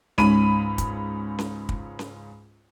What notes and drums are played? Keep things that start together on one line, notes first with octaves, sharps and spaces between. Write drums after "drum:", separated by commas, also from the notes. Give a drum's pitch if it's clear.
C#2 G#2 C#4 B5 D#7, drum: snare C#4
drum: kick, hi-hat
drum: snare C#4
drum: kick
drum: snare C#4